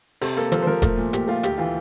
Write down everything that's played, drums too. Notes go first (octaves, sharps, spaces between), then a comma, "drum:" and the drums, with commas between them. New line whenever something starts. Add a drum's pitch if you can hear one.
C3 A4, drum: open hi-hat
A#3 A4
F3 A4, drum: hi-hat
C5
F3 A#4
A3 A#4, drum: kick E1, hi-hat
A#2
A#2 G4, drum: hi-hat
A3 F4
D2 G4, drum: hi-hat
E3 F4